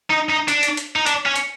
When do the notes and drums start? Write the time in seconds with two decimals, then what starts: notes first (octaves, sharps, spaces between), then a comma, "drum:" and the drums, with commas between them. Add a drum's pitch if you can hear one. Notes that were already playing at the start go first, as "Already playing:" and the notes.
0.10 D#4
0.29 D#4
0.48 D4, drum: hi-hat
0.63 drum: hi-hat
0.77 drum: hi-hat
0.96 D#4
1.06 D4, drum: hi-hat
1.26 C#4
1.36 drum: hi-hat